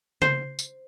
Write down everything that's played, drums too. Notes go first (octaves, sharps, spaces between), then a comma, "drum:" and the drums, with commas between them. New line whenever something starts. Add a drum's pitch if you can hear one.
C5, drum: tom C#3
drum: tambourine